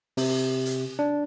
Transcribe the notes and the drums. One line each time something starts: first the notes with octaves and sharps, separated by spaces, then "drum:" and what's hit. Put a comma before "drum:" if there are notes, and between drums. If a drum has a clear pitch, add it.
C3, drum: open hi-hat
drum: hi-hat
D4